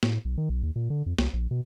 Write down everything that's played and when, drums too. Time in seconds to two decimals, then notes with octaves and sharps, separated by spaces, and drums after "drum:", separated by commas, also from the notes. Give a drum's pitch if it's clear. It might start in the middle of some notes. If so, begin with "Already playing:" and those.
0.03 A2, drum: snare
0.25 B1
0.38 D#3
0.49 B1
0.63 D#2
0.76 A#2
0.90 D3
1.06 F2
1.18 C2, drum: snare
1.33 A#1
1.51 B2